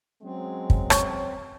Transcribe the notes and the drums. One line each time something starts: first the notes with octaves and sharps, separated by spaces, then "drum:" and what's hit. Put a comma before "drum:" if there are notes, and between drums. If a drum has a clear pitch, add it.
F#3 G#3 C4 C#4
drum: kick
C#5 C#6, drum: rim click